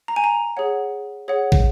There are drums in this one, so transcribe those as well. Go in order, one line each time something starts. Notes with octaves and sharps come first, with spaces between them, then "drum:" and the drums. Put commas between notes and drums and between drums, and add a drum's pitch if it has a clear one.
A#5
G#5
A#5
G#4 C#5 F#5
G#4 C#5 F#5
drum: kick